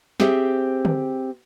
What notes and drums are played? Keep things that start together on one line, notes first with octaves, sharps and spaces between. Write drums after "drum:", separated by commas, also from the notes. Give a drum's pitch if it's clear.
C4 G4 G#4 C5 E5, drum: snare
drum: tom D3